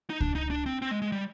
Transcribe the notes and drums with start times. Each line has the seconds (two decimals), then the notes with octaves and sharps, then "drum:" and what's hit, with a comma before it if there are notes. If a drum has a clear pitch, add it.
0.10 D#4
0.20 D4, drum: kick C#2
0.35 D#4
0.51 D4
0.66 C4
0.82 C4
0.91 G#3
1.02 G#3
1.12 G3